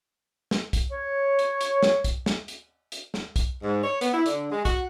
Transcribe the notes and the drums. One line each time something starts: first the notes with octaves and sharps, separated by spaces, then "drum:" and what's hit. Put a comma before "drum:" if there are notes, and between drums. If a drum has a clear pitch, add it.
drum: snare
drum: kick B1, hi-hat
C#5
drum: hi-hat
drum: hi-hat
drum: snare
drum: kick B1, hi-hat
drum: snare
drum: hi-hat
drum: hi-hat
drum: snare
drum: kick B1, hi-hat
G#2
C#5
B3, drum: hi-hat
E4
D3, drum: hi-hat
G#3
F#4, drum: kick B1, hi-hat